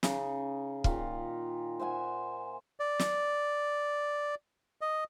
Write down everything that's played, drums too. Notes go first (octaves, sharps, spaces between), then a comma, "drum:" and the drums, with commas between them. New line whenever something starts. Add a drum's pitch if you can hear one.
C#3 D#4 C#6, drum: snare
A#2 D#3 F4 F5, drum: kick
C5 E5 F#5 G#5
D5
drum: snare
D#5